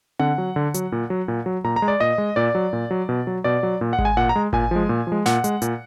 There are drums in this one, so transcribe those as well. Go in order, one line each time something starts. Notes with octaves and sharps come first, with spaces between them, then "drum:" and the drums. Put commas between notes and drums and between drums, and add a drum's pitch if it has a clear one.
D3 F#5, drum: tom C4
F#3
D3
F#3, drum: hi-hat
A#2
F#3
A#2
F#3
A#2 A#5
A#5
G#3
D5
A#2 D#5
G#3
A#2 D5
F#3
A#2
F#3
B2
F#3
B2 D5
F#3
A#2
F#5
G#3, drum: kick G#1
G#5
A#2 F#5
A#5
G#3
A#2 G#5, drum: kick G#1
F3 G#3
A#2
F3 G#3
A#2 F#5, drum: snare
G#3, drum: hi-hat
A#2, drum: hi-hat